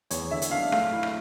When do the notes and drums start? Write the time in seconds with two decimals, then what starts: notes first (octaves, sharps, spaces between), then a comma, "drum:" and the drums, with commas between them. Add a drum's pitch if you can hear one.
0.11 E2 C#5, drum: hi-hat
0.31 D3 E5
0.42 drum: hi-hat
0.51 D4 F5
0.72 A3 F5, drum: rim click
0.93 E4
1.03 drum: rim click